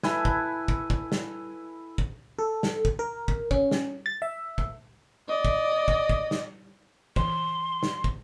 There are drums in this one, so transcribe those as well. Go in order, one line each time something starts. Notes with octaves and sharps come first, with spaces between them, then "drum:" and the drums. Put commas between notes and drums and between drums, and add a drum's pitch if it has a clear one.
E4 A4 B4 G#5, drum: snare
drum: kick
drum: kick
drum: kick
drum: snare
drum: kick
A4
drum: snare
drum: kick
A#4
drum: kick
C#4, drum: kick
drum: snare
A6
E5
drum: kick
D5 D#5
drum: kick
drum: kick
drum: kick
drum: snare
E3 C6, drum: kick
drum: snare
drum: kick